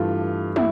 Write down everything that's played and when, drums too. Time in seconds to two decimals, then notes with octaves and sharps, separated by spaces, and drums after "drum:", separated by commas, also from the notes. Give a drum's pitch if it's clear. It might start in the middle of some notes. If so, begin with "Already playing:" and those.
Already playing: G2 E3 A3 F4
0.56 E4, drum: tom